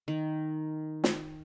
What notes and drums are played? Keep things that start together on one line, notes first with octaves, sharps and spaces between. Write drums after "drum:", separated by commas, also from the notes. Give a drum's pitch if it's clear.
D#3
drum: snare